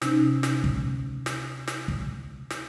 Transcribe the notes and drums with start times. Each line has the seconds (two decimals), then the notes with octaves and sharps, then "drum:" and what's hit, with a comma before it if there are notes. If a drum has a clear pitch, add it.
0.02 C3 C#4 D#4, drum: snare
0.43 drum: snare
0.64 drum: kick
1.26 drum: snare
1.67 drum: snare
1.88 drum: kick
2.50 drum: snare